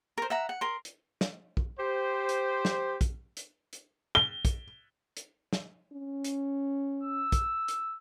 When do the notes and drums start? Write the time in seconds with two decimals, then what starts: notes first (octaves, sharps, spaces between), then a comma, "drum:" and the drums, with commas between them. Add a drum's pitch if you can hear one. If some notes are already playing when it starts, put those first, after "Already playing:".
0.18 A#4 C5
0.30 E5 F#5 A#5
0.49 F#5
0.61 A#4 C6
0.85 drum: hi-hat
1.21 drum: snare
1.57 drum: kick
1.78 G4 C5
2.29 drum: hi-hat
2.65 drum: snare
3.01 drum: kick, hi-hat
3.37 drum: hi-hat
3.73 drum: hi-hat
4.15 G7
4.45 drum: kick, hi-hat
5.17 drum: hi-hat
5.53 drum: snare
5.92 C#4
6.24 drum: hi-hat
7.03 E6
7.32 drum: kick, hi-hat
7.68 drum: hi-hat